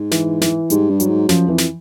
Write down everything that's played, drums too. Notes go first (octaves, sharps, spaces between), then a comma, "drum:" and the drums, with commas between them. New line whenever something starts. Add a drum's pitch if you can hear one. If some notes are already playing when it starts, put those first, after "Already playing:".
Already playing: G#2
E3, drum: snare
E3, drum: snare
G#2 G3, drum: hi-hat
G2
F#3, drum: hi-hat
G#2
F#2 F3, drum: snare
F2 E3
drum: snare